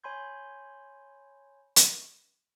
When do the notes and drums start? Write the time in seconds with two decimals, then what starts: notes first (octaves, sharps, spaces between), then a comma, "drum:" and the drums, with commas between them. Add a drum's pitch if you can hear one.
0.04 C#5 G#5 B5 C6 G6 G#6
1.76 drum: hi-hat